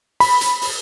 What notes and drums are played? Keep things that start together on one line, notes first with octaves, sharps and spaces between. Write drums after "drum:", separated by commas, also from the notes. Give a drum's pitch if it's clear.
B5, drum: open hi-hat
drum: hi-hat
drum: open hi-hat